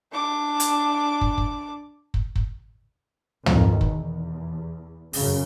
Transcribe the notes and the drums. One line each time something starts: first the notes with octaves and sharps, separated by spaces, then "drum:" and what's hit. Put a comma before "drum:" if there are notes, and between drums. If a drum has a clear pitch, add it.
D4 D6
drum: hi-hat
drum: kick
drum: kick
drum: kick
drum: kick
F2 B2 D#3, drum: tom
E2, drum: kick
F#2 C#3, drum: open hi-hat